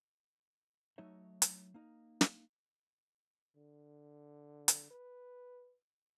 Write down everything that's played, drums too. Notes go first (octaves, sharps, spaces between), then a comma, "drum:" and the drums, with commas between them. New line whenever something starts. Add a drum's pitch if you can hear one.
F#3 A3 D#4 C#5 E5
drum: hi-hat
A#3 D#4
drum: snare
D3
drum: hi-hat
B4